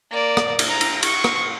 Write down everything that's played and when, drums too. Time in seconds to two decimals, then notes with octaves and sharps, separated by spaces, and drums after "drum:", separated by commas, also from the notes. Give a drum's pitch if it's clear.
0.11 A#3 D5
0.37 drum: rim click
0.59 drum: cymbal
0.68 A#5
0.81 drum: cymbal
1.03 C#6, drum: cymbal
1.24 drum: rim click